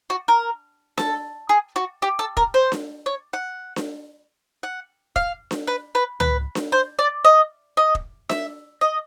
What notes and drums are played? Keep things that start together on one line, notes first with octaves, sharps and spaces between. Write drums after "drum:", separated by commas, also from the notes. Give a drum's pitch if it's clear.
F#4
A#4
A4, drum: snare D4
G#4
F#4
G4
A4
A#4, drum: kick E1
C5
drum: snare D4
C#5
F#5
drum: snare D4
F#5
F5, drum: kick E1
drum: snare D4
B4
B4
B4, drum: tom C#2
drum: snare D4
C5
D5
D#5
D#5
drum: kick E1
E5, drum: snare D4
D#5